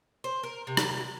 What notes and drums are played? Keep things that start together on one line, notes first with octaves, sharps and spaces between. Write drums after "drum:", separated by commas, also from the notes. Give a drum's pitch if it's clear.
C5
A#4
C3
drum: rim click